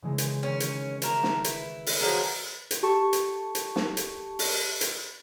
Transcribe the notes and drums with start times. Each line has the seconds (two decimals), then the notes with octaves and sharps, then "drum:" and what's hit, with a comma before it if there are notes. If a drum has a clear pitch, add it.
0.02 C#3 E3 G#3
0.18 drum: hi-hat
0.43 D#3 C#4
0.60 drum: hi-hat
1.02 A3 A#4, drum: hi-hat
1.23 drum: snare
1.44 E4 B4, drum: hi-hat
1.86 drum: open hi-hat
2.00 F3 F#3 G#4 A#4 G6
2.71 drum: hi-hat
2.83 G4 A4 A5 C#6
3.13 drum: hi-hat
3.55 drum: hi-hat
3.76 drum: snare
3.97 drum: hi-hat
4.39 drum: open hi-hat
4.81 drum: hi-hat